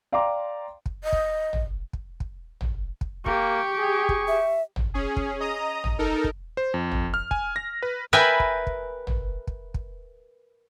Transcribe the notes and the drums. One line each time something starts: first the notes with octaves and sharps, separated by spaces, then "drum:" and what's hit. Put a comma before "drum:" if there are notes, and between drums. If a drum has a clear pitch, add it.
D5 F5 G5 A#5 C6 D6
drum: kick
D#5
drum: kick
drum: tom
drum: kick
drum: kick
drum: tom
drum: kick
A#3 G4 C#6, drum: kick
G#4
drum: kick
E5
drum: tom
C#4 G#4
drum: kick
D#5 A#5 D#6
drum: tom
D#4 A4 A#4
drum: kick
C5
F2
drum: tom
F6
G#5, drum: kick
A#6
B4
A#4 B4 E5 G5 G#5 B5
drum: kick
drum: kick
drum: tom
drum: kick
drum: kick